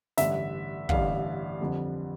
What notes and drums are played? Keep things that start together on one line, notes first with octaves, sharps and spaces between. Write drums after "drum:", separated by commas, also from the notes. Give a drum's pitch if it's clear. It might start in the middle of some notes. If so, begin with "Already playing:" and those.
A1 G2 D3 E5, drum: snare
A1 G2 D3 F5, drum: kick
F2 D3 G3